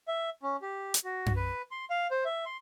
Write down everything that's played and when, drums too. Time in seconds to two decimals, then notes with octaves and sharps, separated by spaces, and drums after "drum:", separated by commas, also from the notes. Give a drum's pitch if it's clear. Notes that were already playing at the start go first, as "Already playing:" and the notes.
0.08 E5
0.43 C#4
0.62 G4
0.94 drum: hi-hat
1.04 F#4
1.26 drum: tom F#2
1.36 B4
1.71 C6
1.90 F5
2.11 C5
2.25 E5
2.46 C6